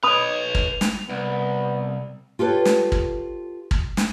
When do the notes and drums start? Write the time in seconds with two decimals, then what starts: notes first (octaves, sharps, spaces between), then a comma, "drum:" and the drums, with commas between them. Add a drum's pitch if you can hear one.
0.03 B4 C#5 B5 D#6 F7
0.55 drum: kick
0.81 drum: snare
1.09 C2 B3
2.39 F4 G4 A4 B4 C#5
2.65 drum: snare
2.92 drum: kick
3.71 drum: kick
3.97 drum: snare